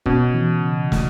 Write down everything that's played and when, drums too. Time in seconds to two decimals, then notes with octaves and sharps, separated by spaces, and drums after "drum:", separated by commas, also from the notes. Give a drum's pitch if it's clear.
0.06 B2 C#4, drum: kick
0.34 E3
0.62 C#3
0.92 A3, drum: snare